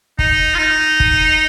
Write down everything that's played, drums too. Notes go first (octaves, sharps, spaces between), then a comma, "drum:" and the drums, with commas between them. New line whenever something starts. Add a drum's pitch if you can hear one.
D#4, drum: kick
F4
D#4
drum: kick